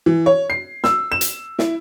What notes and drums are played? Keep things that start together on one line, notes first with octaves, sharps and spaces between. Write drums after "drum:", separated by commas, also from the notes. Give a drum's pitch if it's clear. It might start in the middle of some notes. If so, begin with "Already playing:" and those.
E3
C#5
C7
E6, drum: snare
E7
drum: hi-hat
E4, drum: snare